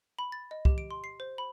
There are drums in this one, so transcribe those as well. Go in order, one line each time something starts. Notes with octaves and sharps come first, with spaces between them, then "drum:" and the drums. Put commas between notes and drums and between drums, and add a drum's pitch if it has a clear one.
B5
A6
D#5
G4, drum: kick C2
D7
C6
C7
C5
B5